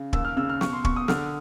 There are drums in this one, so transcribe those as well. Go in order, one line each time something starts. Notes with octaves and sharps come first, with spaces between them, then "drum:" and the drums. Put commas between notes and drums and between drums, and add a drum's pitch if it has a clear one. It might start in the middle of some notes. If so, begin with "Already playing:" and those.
Already playing: C#3
D#2 E6, drum: kick
F6
C#3 E6
F6
B2 C#6, drum: snare
C6
B2 C#6, drum: kick
D#6
D3 F6, drum: snare